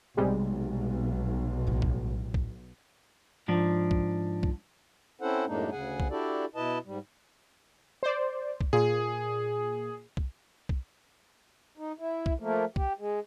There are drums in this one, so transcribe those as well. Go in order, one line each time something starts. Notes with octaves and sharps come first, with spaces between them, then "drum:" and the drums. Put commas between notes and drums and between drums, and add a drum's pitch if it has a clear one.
B1 C3 G3 G#3
A#1 A2
drum: kick
drum: kick
G#2 F3 D4
drum: kick
drum: kick
C4 C#4 E4 A4 C5 F#5
F#2 A2 G#3 A#3 D4 D#4
D2 C#3 G#4 F#5 G#5
drum: kick
D4 E4 F#4 G4 A4 D5
B2 E4 B4 D#5 A5
G#2 G3
C5 D5
drum: kick
A#2 G#4
drum: kick
drum: kick
D#4
E4
drum: kick
F3 A3 A#3
G4, drum: kick
G#3